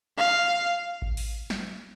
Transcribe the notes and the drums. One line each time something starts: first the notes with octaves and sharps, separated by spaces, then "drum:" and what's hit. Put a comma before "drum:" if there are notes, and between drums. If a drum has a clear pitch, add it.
F5
drum: kick A1
drum: open hi-hat
drum: snare